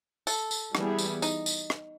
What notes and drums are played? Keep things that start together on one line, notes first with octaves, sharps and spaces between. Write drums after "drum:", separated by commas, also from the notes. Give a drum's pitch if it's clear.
A4, drum: tambourine
drum: tambourine
E3 G3 B3 E4 G#4, drum: rim click
drum: tambourine
D#4, drum: tambourine
drum: tambourine
drum: rim click